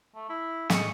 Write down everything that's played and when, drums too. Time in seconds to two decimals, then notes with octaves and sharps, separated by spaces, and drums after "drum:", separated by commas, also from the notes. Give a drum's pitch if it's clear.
0.15 A3
0.29 E4
0.70 A2 G#4 D#5 C#6, drum: snare